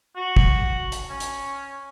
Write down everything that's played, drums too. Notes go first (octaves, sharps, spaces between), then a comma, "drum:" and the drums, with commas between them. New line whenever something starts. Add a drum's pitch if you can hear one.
F#4
drum: kick
drum: hi-hat
C#4
drum: hi-hat